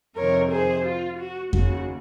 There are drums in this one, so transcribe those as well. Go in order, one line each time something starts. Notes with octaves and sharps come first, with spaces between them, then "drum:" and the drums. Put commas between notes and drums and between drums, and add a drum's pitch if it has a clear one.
F2 C3 D#3 A#4 C#5
G#4 C5
F4
F#4
D#2 C#3 F#4, drum: kick F2